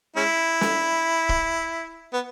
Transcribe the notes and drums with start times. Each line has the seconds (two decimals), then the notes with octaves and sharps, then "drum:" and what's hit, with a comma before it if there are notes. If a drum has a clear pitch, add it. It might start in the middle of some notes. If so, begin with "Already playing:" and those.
0.16 G#3 C#4 E4
0.61 drum: snare
1.29 drum: kick
2.13 B3